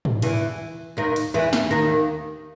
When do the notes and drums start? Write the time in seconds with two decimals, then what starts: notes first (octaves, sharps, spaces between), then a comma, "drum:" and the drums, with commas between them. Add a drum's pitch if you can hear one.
0.05 drum: tom
0.22 E2 E3, drum: cymbal
0.97 D#2 D#3
1.16 drum: cymbal
1.34 E2 E3
1.53 drum: snare
1.71 D#2 D#3